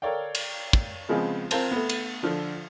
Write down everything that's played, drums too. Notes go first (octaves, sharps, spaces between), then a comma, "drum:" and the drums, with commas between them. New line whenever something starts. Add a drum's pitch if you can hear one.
A4 A#4 C#5 D5 F5 G5
drum: cymbal
drum: kick
C#3 F3 G#3 B3 C4 F4
C4 F4 A#4 C5 A5, drum: cymbal
A3 B3
drum: cymbal
D3 F3 D4